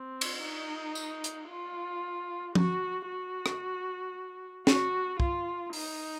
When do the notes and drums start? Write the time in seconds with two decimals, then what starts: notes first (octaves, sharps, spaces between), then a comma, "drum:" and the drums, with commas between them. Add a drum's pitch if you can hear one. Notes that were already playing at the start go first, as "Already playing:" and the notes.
Already playing: C4
0.21 drum: cymbal
0.42 D#4
0.95 drum: tambourine
1.24 drum: hi-hat
1.49 F4
2.55 F#4, drum: tom F3
3.07 F#4
3.46 drum: rim click
4.67 F#4, drum: snare
5.20 F4, drum: kick
5.73 D#4, drum: open hi-hat